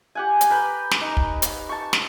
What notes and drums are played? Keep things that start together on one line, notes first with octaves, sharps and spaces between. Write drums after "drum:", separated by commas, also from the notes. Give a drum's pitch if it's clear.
G4 F#5 G#5
drum: hi-hat
A#4 B4 G5
drum: snare
D#4
drum: kick
drum: hi-hat
A5 C#6
drum: snare